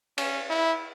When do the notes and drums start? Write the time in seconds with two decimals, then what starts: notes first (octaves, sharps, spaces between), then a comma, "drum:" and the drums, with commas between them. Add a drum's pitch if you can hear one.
0.18 C#4, drum: cymbal
0.50 E4